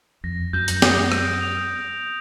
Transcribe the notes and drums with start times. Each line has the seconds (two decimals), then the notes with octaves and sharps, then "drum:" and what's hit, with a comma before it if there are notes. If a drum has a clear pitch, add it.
0.24 F2 A#6
0.53 F#2 G6
0.68 drum: hi-hat
0.82 D#6, drum: snare
1.12 D7, drum: rim click
1.41 F7